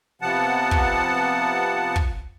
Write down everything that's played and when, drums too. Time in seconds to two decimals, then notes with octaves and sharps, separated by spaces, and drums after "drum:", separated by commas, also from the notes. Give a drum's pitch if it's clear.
0.22 C3 F3 B3 F#5 A5
0.71 drum: kick
1.96 drum: kick